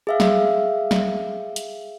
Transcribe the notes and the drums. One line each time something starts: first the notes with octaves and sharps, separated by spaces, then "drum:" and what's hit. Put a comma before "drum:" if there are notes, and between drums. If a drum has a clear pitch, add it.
G#4 E5 F5
drum: snare
drum: snare
drum: hi-hat